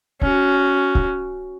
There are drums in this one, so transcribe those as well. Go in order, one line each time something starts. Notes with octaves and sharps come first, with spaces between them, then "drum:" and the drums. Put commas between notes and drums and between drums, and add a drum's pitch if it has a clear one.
C#4 F#4, drum: kick C#1
drum: kick C#1